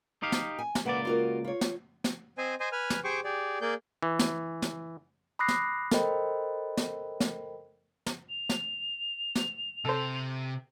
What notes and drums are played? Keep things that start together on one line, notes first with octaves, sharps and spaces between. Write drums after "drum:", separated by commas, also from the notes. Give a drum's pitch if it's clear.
D#4 G4 F5
drum: snare
G#5
drum: snare
C#2 A#3 B4 D5 F#5
F4 F#4 A#4
F4 C#5
drum: snare
drum: snare
C4 C5 D#5 G#5
C5 D#5 G#5
B4 G#5 F6
drum: snare
G4 G#4 C5 G5 C#6 D6
G4 G#4 D5
A#3 G#4 D5 G6
E3
drum: snare
drum: snare
B5 D6 D#6 F#6 A#6 C7
drum: snare
A4 A#4 C5 D#5 G5 B5, drum: snare
drum: snare
drum: snare
drum: snare
F7
drum: snare
drum: snare
C3 A4 C5